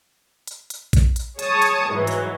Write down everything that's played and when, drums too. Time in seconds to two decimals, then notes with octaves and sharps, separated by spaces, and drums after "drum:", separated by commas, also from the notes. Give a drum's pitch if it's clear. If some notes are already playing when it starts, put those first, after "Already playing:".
0.47 drum: hi-hat
0.70 drum: hi-hat
0.93 drum: kick A#1, hi-hat
1.16 drum: hi-hat
1.39 G#4 C#5 A5 C#6 D#6, drum: hi-hat
1.62 drum: hi-hat
1.91 G#2 E3 F#3
2.07 drum: hi-hat